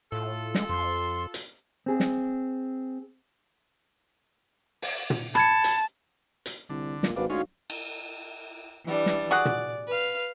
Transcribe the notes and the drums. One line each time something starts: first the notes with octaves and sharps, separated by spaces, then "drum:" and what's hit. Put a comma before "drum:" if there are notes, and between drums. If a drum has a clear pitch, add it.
A2 F4 A4
G#3, drum: snare
F2 C6
drum: hi-hat
C4 G#4
drum: snare
drum: open hi-hat
drum: tom
A5 B5 G#6 C#7, drum: rim click
drum: hi-hat
drum: hi-hat
C2 D3
A#2, drum: snare
G#1 D4 F#4 B4 F5
D2 G#3 C#4 D#4 F4 F#4 F5
drum: cymbal
E3 G3 D4
drum: snare
F#4 G#4 D5 F#5
drum: tom
B4 F5